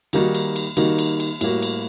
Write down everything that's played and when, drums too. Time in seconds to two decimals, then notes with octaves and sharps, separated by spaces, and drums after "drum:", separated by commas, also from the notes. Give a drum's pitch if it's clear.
0.13 D#3 G3 A#3 D#4 F#4, drum: cymbal
0.34 drum: cymbal
0.56 drum: cymbal
0.77 D#3 G3 A#3 D#4 F#4, drum: cymbal
0.98 drum: cymbal
1.20 drum: cymbal
1.41 A2 G3 A#3 F#4, drum: cymbal
1.62 drum: cymbal